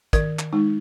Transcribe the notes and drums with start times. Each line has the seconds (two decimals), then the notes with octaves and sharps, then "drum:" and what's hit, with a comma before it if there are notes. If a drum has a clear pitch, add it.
0.13 D#3 A#4, drum: kick, hi-hat
0.39 drum: clap
0.53 G#3 D#4